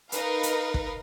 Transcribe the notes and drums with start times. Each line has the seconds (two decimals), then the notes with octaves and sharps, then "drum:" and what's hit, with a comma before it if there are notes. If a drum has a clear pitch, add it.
0.12 D#4 A#4 B4 F5, drum: hi-hat
0.43 drum: hi-hat
0.74 drum: kick